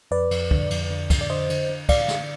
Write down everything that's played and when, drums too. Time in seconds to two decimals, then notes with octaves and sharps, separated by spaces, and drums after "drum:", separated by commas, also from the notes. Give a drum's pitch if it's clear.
0.11 F2 B4 D5
0.31 F2, drum: cymbal
0.51 D3, drum: kick
0.71 F2, drum: cymbal
0.91 D3
1.10 F2, drum: kick, cymbal
1.21 D5
1.30 D3 C5 D#5
1.50 D3, drum: cymbal
1.69 D3
1.89 D3 D5 F5, drum: kick, cymbal
2.08 D3, drum: snare